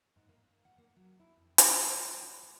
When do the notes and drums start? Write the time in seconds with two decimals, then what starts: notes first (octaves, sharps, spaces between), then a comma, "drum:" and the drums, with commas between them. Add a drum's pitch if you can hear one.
0.16 G#2
0.29 A#3
0.65 F#5
0.78 A#3
0.96 F#3
1.20 E4
1.36 F2
1.58 drum: hi-hat
1.68 F3
1.88 A#4
2.05 G#3
2.22 F#4
2.43 G#4